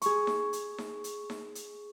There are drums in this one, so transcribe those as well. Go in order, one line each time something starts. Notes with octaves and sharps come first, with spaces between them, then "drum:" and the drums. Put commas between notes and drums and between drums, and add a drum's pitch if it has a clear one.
G#4 C#6, drum: hi-hat
drum: snare D#4
drum: hi-hat
drum: snare D#4
drum: hi-hat
drum: snare D#4
drum: hi-hat